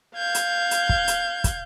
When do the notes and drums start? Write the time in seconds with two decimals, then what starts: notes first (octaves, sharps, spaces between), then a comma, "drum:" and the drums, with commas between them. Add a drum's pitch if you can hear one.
0.16 F5 G6 G#6
0.35 drum: hi-hat
0.71 drum: hi-hat
0.89 drum: kick
1.08 drum: hi-hat
1.44 drum: kick, hi-hat